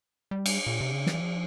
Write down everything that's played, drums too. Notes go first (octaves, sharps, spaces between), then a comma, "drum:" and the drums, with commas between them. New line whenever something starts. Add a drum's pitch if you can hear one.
G3
drum: cymbal
A#2
C3
C#3
E3, drum: snare
F3